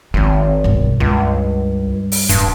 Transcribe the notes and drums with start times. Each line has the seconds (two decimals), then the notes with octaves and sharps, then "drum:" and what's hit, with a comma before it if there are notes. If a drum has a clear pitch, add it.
0.14 G#1 D#3 C4
0.64 G2 B2, drum: kick B1
1.00 C#2 G2
2.12 drum: open hi-hat
2.29 D1 G2, drum: hi-hat